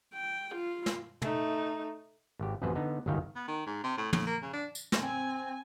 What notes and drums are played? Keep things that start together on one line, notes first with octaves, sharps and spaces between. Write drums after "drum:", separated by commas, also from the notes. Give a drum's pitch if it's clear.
G5
F4
drum: snare
A3 D#4, drum: tom
G#1 G4
A1 F#2 C3 F3 B4 C5
D3 B3 D#4
G1 C#2 F#2 D#3 F5 G5
B3
D#3
G#2
C3
A2
A2, drum: tom
A#3
C#3
D4
drum: tambourine
drum: snare
C4 G#5